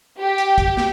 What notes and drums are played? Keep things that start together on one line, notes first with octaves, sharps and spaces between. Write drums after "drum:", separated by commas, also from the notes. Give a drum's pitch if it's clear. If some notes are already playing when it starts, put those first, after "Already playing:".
G4
drum: hi-hat
drum: kick, hi-hat
drum: snare